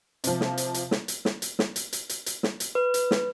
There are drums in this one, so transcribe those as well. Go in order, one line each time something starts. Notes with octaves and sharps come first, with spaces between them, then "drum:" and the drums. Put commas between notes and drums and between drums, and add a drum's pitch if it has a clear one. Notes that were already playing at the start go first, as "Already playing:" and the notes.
C3 F3, drum: hi-hat
drum: snare
drum: hi-hat
drum: hi-hat
drum: snare
drum: hi-hat
drum: snare
drum: hi-hat
drum: snare
drum: hi-hat
drum: hi-hat
drum: hi-hat
drum: hi-hat
drum: snare
drum: hi-hat
B4
drum: hi-hat
drum: snare